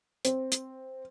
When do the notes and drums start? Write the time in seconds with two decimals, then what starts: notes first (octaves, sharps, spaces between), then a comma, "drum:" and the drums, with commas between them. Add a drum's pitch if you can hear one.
0.25 C4, drum: hi-hat
0.52 drum: hi-hat